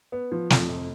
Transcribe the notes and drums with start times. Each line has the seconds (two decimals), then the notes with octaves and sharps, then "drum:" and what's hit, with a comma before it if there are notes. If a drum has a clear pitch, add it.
0.12 B3
0.32 F3
0.50 F2, drum: snare
0.69 F1